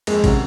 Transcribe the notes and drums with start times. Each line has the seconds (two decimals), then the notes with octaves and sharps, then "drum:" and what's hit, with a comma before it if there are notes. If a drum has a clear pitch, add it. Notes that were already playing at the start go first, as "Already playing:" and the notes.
0.07 F2 G#3, drum: cymbal
0.24 C3 D#3 F#3 C#4, drum: kick A1, cymbal